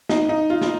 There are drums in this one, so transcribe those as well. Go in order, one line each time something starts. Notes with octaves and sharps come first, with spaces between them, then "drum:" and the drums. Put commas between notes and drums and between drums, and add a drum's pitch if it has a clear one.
D#4, drum: snare
D#4
F4
F4, drum: snare